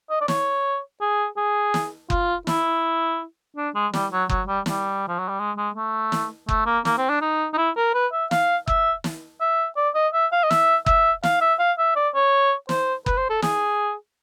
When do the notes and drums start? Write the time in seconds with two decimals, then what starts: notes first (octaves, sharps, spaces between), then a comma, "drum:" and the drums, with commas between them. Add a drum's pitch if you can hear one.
0.10 D#5
0.21 D5
0.28 C#5, drum: snare
1.01 G#4
1.37 G#4
1.74 drum: snare
2.10 F4, drum: kick F#1
2.47 E4, drum: snare
3.57 D4
3.75 G#3
3.93 G3, drum: snare
4.12 F#3
4.29 F#3, drum: kick F#1
4.47 G3
4.66 G3, drum: snare
5.08 F3
5.19 F#3
5.29 G3
5.39 G#3
5.57 G#3
5.75 A3
6.12 drum: snare
6.49 A3, drum: kick F#1
6.66 A#3
6.85 A#3, drum: snare
6.98 C4
7.09 D4
7.21 D#4
7.54 D#4
7.57 E4
7.77 A#4
7.94 B4
8.13 E5
8.31 F5, drum: snare
8.67 E5, drum: kick F#1
9.04 drum: snare
9.41 E5
9.77 D5
9.95 D#5
10.13 E5
10.32 F5
10.43 D#5
10.51 E5, drum: snare
10.86 E5, drum: kick F#1
11.23 F5, drum: snare
11.41 E5
11.59 F5
11.78 E5
11.96 D5
12.15 C#5
12.69 C5, drum: snare
13.06 B4, drum: kick F#1
13.18 C5
13.30 A4
13.42 G#4, drum: snare